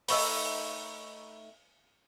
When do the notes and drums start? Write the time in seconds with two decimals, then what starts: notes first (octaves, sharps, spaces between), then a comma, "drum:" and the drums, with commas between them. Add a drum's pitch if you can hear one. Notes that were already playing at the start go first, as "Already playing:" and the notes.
0.08 A3 D#4 B5 C#6 E6, drum: open hi-hat